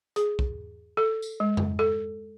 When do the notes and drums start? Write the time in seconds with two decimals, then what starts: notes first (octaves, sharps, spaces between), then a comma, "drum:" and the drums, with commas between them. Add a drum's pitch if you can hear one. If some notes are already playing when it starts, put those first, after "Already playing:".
0.16 G#4, drum: hi-hat
0.39 drum: kick
0.97 A4
1.22 drum: tambourine
1.40 G#3
1.57 drum: tom F2
1.79 A4